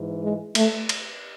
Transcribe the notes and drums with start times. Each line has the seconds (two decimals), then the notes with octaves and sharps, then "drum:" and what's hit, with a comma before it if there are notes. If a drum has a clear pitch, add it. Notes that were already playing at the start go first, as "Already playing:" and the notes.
Already playing: G#2 E3
0.23 G#3
0.55 A3, drum: cymbal
0.89 drum: cymbal